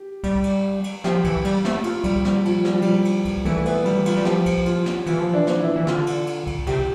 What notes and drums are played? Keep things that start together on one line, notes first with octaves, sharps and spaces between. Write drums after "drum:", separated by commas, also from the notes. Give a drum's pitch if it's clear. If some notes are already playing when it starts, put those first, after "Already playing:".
Already playing: G4
G3, drum: kick, cymbal
drum: cymbal
drum: cymbal
F3 G4, drum: snare
E3, drum: kick, cymbal
G3, drum: cymbal
A3, drum: snare
F4, drum: cymbal
G3, drum: kick, cymbal
G3, drum: snare
F3, drum: cymbal
G3, drum: snare
F3
G3, drum: cymbal
drum: cymbal
drum: kick, cymbal
E3 A3, drum: kick, cymbal
B3, drum: cymbal
G3, drum: cymbal
F4, drum: cymbal
G3
F3 G4, drum: snare
drum: kick, cymbal
F4, drum: cymbal
drum: snare
E3 F4, drum: cymbal
F3
E3 D4
F3, drum: snare
E3 E4
E3
D3 F4, drum: snare
drum: cymbal
drum: cymbal
drum: kick, cymbal
C3 G4, drum: kick, cymbal